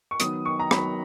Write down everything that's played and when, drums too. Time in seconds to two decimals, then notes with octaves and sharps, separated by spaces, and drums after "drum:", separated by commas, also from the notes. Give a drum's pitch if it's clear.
0.11 C#6
0.20 D#3 F#3 B3 D#6, drum: hi-hat
0.45 C#6
0.59 A#5
0.71 D#3 F#3 B3 B5, drum: rim click